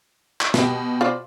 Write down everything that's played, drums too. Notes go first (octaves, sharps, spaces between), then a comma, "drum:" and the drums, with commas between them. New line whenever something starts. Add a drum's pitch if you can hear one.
drum: clap
B2 G4, drum: snare
F4 C5 D5